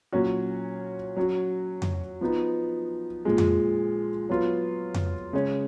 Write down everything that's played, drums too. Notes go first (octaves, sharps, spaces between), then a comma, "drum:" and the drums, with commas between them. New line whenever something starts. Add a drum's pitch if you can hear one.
A#2 F#3 C#4 F#4
F#3 C#4 F#4
drum: tom F2
F3 B3 D#4
A#2 F3 G#3
drum: tom F2
F#3 B3 F4
drum: tom F2
C#3 G#3 C#4